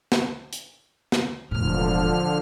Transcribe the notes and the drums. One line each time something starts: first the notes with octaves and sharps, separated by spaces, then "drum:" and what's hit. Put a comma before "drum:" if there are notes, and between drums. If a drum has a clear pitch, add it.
drum: snare
drum: hi-hat
drum: snare
E1 A2 D3 F3 F6